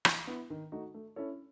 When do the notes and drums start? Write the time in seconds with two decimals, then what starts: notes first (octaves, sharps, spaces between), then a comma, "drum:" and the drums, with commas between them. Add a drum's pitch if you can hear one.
0.05 E3, drum: rim click
0.27 B3 E4
0.50 D#3
0.72 A3 D#4 F#4
0.94 A3
1.16 C#4 E4 A4 C#5